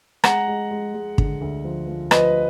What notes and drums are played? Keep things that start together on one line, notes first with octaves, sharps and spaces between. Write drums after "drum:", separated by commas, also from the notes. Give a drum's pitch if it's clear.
G#3 F#5 A#5, drum: rim click
G#3
G#3
G#3
D3, drum: kick
D2
F3
F3
F3 B4 D#5, drum: rim click